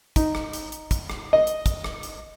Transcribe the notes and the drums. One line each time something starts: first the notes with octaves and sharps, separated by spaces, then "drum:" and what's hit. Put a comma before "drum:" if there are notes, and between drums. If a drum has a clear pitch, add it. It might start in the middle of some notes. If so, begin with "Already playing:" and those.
D#4, drum: kick, hi-hat
drum: rim click
drum: hi-hat
drum: hi-hat
drum: kick, hi-hat
drum: rim click
D#5
drum: hi-hat
drum: kick, hi-hat
drum: rim click
drum: hi-hat